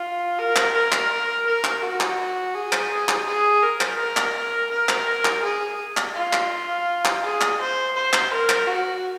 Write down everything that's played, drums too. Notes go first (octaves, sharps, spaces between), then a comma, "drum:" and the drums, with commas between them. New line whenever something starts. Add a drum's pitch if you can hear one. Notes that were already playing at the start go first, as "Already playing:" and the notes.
Already playing: F4
A#4
drum: clap
A#4
drum: clap
A#4
drum: clap
F#4
drum: clap
G#4
drum: clap
drum: clap
G#4
A#4
drum: clap
A#4
drum: clap
A#4
drum: clap
drum: clap
G#4
drum: clap
F4
drum: clap
drum: clap
G#4
drum: clap
C5
C5
drum: clap
A#4
drum: clap
F#4